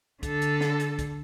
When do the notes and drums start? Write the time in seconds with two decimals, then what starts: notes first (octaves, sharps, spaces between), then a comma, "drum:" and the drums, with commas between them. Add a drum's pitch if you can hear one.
0.23 D3 A4, drum: kick, hi-hat
0.42 drum: hi-hat
0.61 drum: snare
0.80 drum: hi-hat
0.99 drum: kick, hi-hat